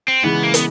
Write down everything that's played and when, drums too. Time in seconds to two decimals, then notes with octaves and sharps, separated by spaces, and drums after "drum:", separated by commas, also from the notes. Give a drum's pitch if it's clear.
0.08 C4
0.23 C#3 E3 G#3 B3
0.43 A#3
0.54 B3, drum: hi-hat